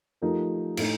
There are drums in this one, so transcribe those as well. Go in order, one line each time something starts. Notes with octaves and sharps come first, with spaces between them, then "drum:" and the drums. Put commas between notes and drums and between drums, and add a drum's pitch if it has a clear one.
F3 A3 D#4 G4 A#4
A2 A3 D#4, drum: cymbal